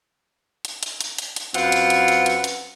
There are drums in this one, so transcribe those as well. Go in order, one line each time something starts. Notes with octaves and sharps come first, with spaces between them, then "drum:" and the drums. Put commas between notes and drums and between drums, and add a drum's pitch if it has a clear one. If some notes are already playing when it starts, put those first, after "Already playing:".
drum: hi-hat
drum: hi-hat
drum: hi-hat
drum: hi-hat
drum: hi-hat
F#2 C4 F4 B4 F#5, drum: hi-hat
drum: hi-hat
drum: hi-hat
drum: hi-hat
drum: hi-hat
drum: hi-hat